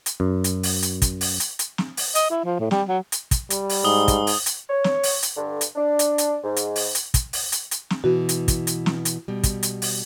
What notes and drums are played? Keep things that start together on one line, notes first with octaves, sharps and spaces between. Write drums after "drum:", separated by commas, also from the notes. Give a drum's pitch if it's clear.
drum: hi-hat
F#2
drum: hi-hat
drum: open hi-hat
drum: hi-hat
drum: kick, hi-hat
drum: open hi-hat
drum: hi-hat
drum: hi-hat
drum: snare
drum: open hi-hat
D#5, drum: hi-hat
E4
F3
A2
G3, drum: snare
F#3
drum: hi-hat
drum: kick, hi-hat
G3, drum: hi-hat
drum: open hi-hat
G#2 D#6 G7
drum: kick, hi-hat
drum: open hi-hat
drum: hi-hat
C#5
drum: snare
drum: open hi-hat
drum: hi-hat
G2 D3
drum: hi-hat
D4
drum: hi-hat
drum: hi-hat
G#2
drum: hi-hat
drum: open hi-hat
drum: hi-hat
drum: kick, hi-hat
drum: open hi-hat
drum: hi-hat
drum: hi-hat
drum: snare
B2 E3 F#4
drum: hi-hat
drum: kick, hi-hat
drum: hi-hat
drum: snare
drum: hi-hat
B2 G3
drum: kick, hi-hat
drum: hi-hat
drum: open hi-hat